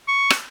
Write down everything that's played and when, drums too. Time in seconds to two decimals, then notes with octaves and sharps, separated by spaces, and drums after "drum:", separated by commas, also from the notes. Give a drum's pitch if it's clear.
0.08 C#6
0.30 drum: rim click